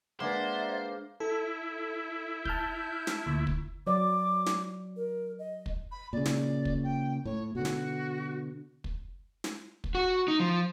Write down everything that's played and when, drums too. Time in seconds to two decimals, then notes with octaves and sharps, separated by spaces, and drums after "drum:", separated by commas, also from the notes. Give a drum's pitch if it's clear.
0.20 G#3 A#3 D4 B4 C5 D5 E5 F#5
1.20 E4 A4
2.45 A5 F6 G6, drum: kick
3.07 drum: snare
3.27 D2 A#2
3.47 drum: kick
3.87 F#3 D5 D6
4.46 drum: snare
4.96 A#4
5.39 D#5
5.66 drum: kick
5.91 B5
6.13 A#2 C#3 D5
6.26 drum: snare
6.65 drum: kick
6.84 G5
7.25 A2 C#5
7.55 B2 D3 F#4
7.65 drum: snare
8.84 drum: kick
9.44 drum: snare
9.84 drum: kick
9.95 F#4
10.28 D#4
10.40 F3